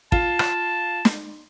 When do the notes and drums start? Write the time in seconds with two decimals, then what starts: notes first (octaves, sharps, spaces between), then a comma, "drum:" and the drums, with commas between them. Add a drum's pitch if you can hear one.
0.12 F4 A5, drum: kick
0.39 drum: rim click
1.05 drum: snare